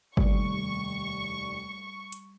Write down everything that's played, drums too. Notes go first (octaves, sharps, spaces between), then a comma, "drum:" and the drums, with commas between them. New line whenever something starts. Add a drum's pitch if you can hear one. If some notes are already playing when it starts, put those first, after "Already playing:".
F1 D#2 G3 D5 C#6, drum: kick G1
drum: hi-hat